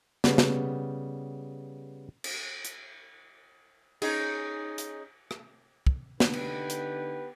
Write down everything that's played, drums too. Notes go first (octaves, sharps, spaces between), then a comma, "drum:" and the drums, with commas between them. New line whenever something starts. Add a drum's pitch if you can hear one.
C#3 G3 B3, drum: snare
drum: snare
drum: cymbal
drum: hi-hat
C#4 D#4 G#4, drum: cymbal
drum: hi-hat
drum: rim click
drum: kick
D3 B3 D#4 G4 B4, drum: snare
drum: cymbal
drum: hi-hat